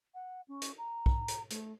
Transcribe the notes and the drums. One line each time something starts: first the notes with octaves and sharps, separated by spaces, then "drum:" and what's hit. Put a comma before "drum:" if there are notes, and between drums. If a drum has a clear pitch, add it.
F#5
C#4
drum: hi-hat
A#5
drum: kick B1
drum: hi-hat
A3, drum: hi-hat